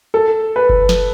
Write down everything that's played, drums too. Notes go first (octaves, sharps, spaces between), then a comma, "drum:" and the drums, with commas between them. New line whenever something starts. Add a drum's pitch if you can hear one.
A4
B4
drum: kick F#1
drum: snare